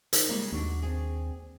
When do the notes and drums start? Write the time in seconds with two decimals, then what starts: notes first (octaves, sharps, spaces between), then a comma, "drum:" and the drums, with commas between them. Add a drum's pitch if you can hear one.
0.13 D#3, drum: hi-hat
0.29 C#3 G3 G#3 A#3
0.52 D#2 D4 F#4
0.82 C4 D4 G#4